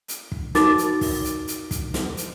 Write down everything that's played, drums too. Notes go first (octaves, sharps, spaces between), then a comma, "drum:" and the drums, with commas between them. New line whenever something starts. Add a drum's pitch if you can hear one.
drum: hi-hat
drum: kick
D#4 F#4 A#4 D6 A6, drum: snare
drum: hi-hat
drum: kick, open hi-hat
drum: hi-hat
drum: hi-hat
drum: kick, hi-hat
drum: snare
drum: hi-hat